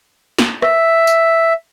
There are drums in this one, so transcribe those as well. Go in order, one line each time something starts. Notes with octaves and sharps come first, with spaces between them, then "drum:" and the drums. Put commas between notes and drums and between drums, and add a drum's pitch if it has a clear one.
drum: snare
E5, drum: rim click
drum: tambourine